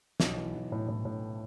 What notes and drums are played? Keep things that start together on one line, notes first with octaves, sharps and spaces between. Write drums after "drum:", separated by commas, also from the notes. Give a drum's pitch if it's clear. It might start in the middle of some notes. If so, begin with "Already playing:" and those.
B1, drum: snare
E3
B1
A2
A2
A2